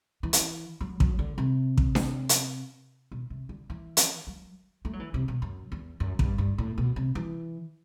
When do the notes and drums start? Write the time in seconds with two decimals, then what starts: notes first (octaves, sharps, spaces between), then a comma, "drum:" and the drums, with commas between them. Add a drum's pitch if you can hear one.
0.23 E3
0.33 drum: hi-hat
0.81 F#3
1.00 F#3, drum: kick
1.19 D3
1.38 C3
1.78 drum: kick
1.95 drum: snare D4
2.29 drum: hi-hat
3.11 B2
3.30 C3
3.49 D3
3.70 E3
3.97 drum: hi-hat
4.27 F#3
4.85 A3
4.93 F#3
5.00 E3
5.14 C3
5.28 B2
5.42 F#2
5.72 E2
6.00 F#2
6.19 G2, drum: kick
6.38 G2
6.58 A2
6.78 B2
6.96 C3
7.15 E3